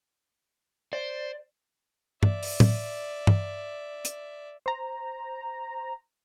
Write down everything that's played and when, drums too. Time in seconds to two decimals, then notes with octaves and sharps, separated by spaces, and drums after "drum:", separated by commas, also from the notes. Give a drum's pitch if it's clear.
0.93 C5 D5
2.23 D5 E5, drum: tom G2
2.43 drum: open hi-hat
2.60 drum: tom A2
3.27 drum: tom G2
4.05 drum: hi-hat
4.66 C5 A#5